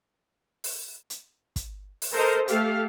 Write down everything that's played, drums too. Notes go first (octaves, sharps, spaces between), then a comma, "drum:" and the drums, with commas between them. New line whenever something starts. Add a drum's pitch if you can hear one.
drum: open hi-hat
drum: hi-hat
drum: kick, hi-hat
drum: open hi-hat
A4 A#4 C5 D#5
A3 G4 A4 F5, drum: hi-hat